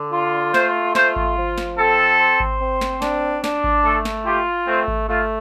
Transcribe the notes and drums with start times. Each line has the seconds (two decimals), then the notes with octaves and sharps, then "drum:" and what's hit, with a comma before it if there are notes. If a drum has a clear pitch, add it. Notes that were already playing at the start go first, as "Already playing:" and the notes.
Already playing: D3
0.13 F4
0.54 A3 C5, drum: snare
0.95 F4 C5, drum: snare
1.16 drum: kick G#1
1.37 F3
1.58 drum: snare
1.78 C4 A4
2.20 C5
2.40 drum: kick G#1
2.61 C4
2.81 drum: snare
3.02 D4, drum: snare
3.44 D4, drum: snare
3.64 drum: kick G#1
3.84 A3 A4
4.05 drum: snare
4.26 F4 G4
4.67 A3 C4
4.88 drum: kick G#1
5.08 A3 F4